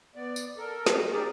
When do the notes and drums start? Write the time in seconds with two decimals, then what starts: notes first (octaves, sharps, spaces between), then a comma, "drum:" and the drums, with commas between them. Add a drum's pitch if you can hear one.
0.15 B3 D5
0.36 drum: tambourine
0.57 A4 A#4
0.86 drum: snare
1.12 C4 D#4 G4 G#4 A#4 D5